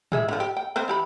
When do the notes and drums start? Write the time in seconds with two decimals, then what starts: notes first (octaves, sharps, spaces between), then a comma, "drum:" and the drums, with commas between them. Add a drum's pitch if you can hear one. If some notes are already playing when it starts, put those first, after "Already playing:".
0.12 G#3 G#4 E5, drum: tom
0.29 D3 F3
0.40 G4
0.57 G5
0.76 C4 B4 C5
0.88 E3 G4 B5